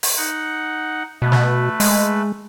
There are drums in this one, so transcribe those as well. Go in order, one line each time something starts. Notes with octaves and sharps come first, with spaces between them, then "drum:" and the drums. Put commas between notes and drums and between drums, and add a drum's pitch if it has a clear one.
drum: open hi-hat
D#4 F#5
B2 A3 B4
drum: snare
G#3, drum: open hi-hat